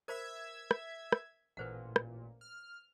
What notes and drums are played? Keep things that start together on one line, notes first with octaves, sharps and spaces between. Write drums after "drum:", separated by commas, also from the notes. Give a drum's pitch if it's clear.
A#4 C5 E5 B5 G#6
drum: rim click
drum: rim click
A1 A#2 B4 C5 F#5
drum: rim click
F6